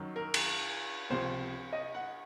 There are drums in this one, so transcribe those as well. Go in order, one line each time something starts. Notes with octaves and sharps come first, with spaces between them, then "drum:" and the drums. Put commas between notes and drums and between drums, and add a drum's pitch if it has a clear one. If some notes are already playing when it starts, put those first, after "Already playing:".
Already playing: F#2 D#3 F#3
A#4
drum: cymbal
C#2 C3 F3 C5
D#5
F#5